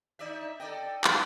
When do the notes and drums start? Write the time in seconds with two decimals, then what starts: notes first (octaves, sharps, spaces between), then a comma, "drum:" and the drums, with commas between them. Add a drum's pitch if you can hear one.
0.19 D#4 D5 E5
0.60 A4 D5 D#5 G5
1.04 drum: clap